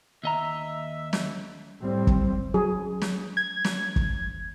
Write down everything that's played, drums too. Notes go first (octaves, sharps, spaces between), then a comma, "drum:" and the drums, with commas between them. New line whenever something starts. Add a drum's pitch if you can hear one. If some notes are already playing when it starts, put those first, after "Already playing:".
D#2 D#5 E5 A#5
drum: snare
A2 G3 C4
drum: kick
F#3 G#4
drum: snare
G#6
drum: snare
drum: kick